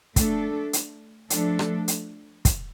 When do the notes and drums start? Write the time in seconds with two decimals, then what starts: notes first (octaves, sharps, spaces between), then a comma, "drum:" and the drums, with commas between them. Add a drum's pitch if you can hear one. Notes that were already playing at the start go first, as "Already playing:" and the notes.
0.16 A3 D4 A4, drum: kick, hi-hat
0.73 drum: hi-hat
1.30 F3 A3 D4 A4, drum: hi-hat
1.59 drum: rim click
1.88 drum: hi-hat
2.45 drum: kick, hi-hat